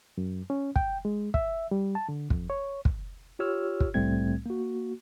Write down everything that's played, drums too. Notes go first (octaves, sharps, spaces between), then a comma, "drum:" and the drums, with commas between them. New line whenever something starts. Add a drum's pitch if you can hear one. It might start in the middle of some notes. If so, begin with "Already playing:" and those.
F#2
C#4
G5, drum: kick
G#3
E5, drum: kick
G3
A5
D3
F2, drum: kick
C#5
drum: kick
F4 G4 C#5 E6 F6
drum: kick
C2 A2 G3 A3 C4 G#6
A#3 F#4